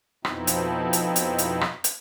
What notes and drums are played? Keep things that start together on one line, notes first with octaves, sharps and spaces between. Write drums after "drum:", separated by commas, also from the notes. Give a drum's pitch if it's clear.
F2 B2 F3 C4 D#4 E4, drum: rim click
drum: hi-hat
drum: hi-hat
drum: hi-hat
drum: hi-hat
drum: rim click
drum: hi-hat